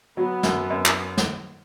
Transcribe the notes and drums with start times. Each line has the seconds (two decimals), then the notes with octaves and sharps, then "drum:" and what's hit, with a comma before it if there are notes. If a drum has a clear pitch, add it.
0.17 F#3 B3
0.43 F#2, drum: snare
0.70 F#2
0.85 drum: clap
1.17 drum: snare